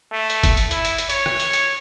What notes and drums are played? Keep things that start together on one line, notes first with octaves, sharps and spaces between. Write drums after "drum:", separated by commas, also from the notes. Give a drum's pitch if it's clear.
A3
drum: hi-hat
drum: kick G#1, hi-hat
drum: hi-hat
E4, drum: hi-hat
drum: hi-hat
drum: hi-hat
C#5, drum: hi-hat
drum: rim click
drum: hi-hat
drum: hi-hat